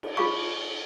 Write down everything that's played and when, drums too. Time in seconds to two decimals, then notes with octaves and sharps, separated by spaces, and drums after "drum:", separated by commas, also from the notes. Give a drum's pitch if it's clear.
0.03 drum: cymbal
0.17 F4 G#4 F5 C#6